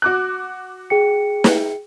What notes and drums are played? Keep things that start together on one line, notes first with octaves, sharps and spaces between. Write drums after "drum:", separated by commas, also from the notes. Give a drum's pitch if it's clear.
F#4 D6 F#6
G#4 G5 C#7
drum: snare